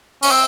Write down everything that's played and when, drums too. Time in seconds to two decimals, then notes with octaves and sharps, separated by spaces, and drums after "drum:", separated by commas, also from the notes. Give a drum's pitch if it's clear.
0.22 C#4, drum: open hi-hat
0.31 C4